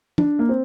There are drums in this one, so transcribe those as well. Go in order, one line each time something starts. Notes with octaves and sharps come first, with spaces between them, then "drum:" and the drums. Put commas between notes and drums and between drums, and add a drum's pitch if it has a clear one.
D4, drum: tom
A#3
C4